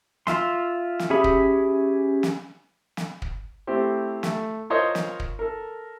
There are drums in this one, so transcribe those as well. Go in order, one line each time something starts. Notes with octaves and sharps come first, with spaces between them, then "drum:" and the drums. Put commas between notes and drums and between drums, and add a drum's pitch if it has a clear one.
F4 E5 C6, drum: snare
drum: snare
C#4 G4 G#4 E5 B5
drum: kick
drum: snare
drum: snare
drum: kick
A3 C4 E4 G4 C5
A3, drum: snare
F4 A#4 C5 C#5 D#5 C#6
drum: snare
drum: kick
A4 A#4